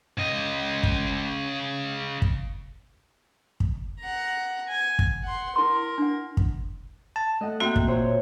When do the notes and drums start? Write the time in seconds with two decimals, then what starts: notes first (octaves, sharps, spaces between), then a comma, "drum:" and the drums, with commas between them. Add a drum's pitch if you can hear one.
0.18 C#3 D#5
0.83 drum: kick
2.22 drum: kick
3.60 drum: kick
4.00 F#5 A#5
4.68 G#5
4.99 drum: kick
5.23 F#5 C6
5.56 E4 A#4 C6
5.98 D4 F#5
6.37 drum: kick
7.16 A5
7.41 A3 D#5 F#5
7.60 A#3 C4 F#4 E5 F#5 G5
7.76 drum: kick
7.88 A#2 C5 C#5